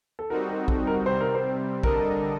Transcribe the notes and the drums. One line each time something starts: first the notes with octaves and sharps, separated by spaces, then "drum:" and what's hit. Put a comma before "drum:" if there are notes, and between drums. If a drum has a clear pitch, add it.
A4
G3 C4 D#4 F#4 A#4
A#4
A4, drum: kick
A#4
C3 G3 C4 C5
A#4
C5
D3 G3 D4 A4 A#4 D#5, drum: kick